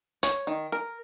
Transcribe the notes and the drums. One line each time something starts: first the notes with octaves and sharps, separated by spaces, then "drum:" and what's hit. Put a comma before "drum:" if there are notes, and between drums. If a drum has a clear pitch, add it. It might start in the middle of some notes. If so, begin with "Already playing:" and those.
C#5, drum: tambourine
D#3
A#4